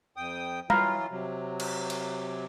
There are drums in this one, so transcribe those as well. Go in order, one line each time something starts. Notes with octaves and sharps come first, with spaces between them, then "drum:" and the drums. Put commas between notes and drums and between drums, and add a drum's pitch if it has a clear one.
F2 G5 D#6
E3 F#3 F4 F5 A#5 B5, drum: tom
C3 F#3
drum: cymbal
drum: cymbal